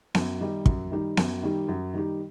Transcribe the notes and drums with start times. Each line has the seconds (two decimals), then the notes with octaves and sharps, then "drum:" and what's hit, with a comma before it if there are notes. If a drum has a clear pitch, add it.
0.15 F#2, drum: snare B3
0.40 D#3 G3 D#4 G4
0.66 F#2, drum: kick
0.91 D#3 G3 D#4 G4
1.17 F#2, drum: snare B3
1.43 D#3 G3 D#4 G4
1.68 F#2
1.93 D#3 G3 D#4 G4